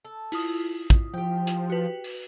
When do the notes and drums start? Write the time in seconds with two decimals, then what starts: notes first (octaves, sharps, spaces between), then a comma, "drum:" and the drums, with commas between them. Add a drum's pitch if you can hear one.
0.05 A4
0.32 E4 F4 D#6, drum: open hi-hat
0.90 drum: kick, hi-hat
1.14 F3 G4 G5
1.47 drum: hi-hat
1.70 F#4 B4
2.04 drum: open hi-hat